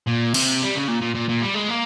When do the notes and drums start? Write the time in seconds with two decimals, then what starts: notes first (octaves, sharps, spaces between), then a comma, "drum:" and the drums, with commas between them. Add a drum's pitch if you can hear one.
0.08 A#2
0.34 C3, drum: cymbal
0.62 G3
0.75 C#3
0.88 A#2
1.02 A#2
1.15 A#2
1.29 A#2
1.43 G3
1.55 G#3
1.70 A#3